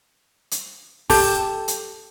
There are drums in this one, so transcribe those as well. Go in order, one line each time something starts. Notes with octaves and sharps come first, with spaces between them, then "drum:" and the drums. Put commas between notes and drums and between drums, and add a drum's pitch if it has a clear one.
drum: hi-hat
G4 A4, drum: kick, open hi-hat
drum: hi-hat